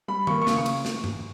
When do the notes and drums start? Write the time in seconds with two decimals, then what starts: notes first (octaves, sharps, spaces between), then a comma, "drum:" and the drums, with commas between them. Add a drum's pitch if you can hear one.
0.08 G3 B5
0.27 A#3 C#6, drum: tom D#3
0.41 C#6
0.47 C#3, drum: snare
0.56 C#6
0.66 drum: cymbal
0.85 drum: snare
1.04 drum: tom G2